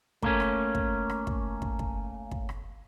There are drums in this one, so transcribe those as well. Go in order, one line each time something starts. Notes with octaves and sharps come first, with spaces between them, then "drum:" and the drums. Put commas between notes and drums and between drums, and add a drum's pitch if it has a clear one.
A3 A#3 C#4, drum: kick
drum: rim click
drum: kick
drum: rim click
drum: kick
drum: kick
drum: kick
drum: kick
drum: rim click